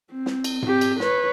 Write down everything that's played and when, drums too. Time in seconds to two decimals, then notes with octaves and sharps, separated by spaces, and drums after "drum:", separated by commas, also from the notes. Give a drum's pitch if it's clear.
0.11 C4
0.26 drum: snare
0.44 drum: cymbal
0.62 C4 G4, drum: tom G#2
0.81 drum: cymbal
1.00 B4 C#5, drum: snare